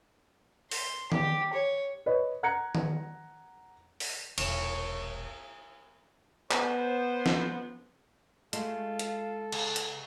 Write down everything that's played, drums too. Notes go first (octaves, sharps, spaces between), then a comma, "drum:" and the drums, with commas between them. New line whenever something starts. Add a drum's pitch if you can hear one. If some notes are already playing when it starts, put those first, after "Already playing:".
C6, drum: open hi-hat
G4, drum: tom D#3
C#5
B4 C#5 D#5
F#5 A#5 F#6 G#6 A#6 C#7
drum: tom D#3
drum: open hi-hat
E1 A#1 C#5 C#6, drum: cymbal
B3 C5, drum: clap
drum: snare
G#3 A3 F4 A4, drum: hi-hat
F5, drum: hi-hat
C#3, drum: cymbal
drum: hi-hat